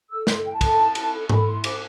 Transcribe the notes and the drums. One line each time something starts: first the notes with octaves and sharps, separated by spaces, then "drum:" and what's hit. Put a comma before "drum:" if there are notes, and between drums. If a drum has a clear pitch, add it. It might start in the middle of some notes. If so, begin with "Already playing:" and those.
A4 E6
A4 C6, drum: snare
E4 G5
A5
A4, drum: kick, cymbal
E4
E4, drum: cymbal
A4
A4 B5, drum: tom G#2
E4 C6
C5 D6, drum: cymbal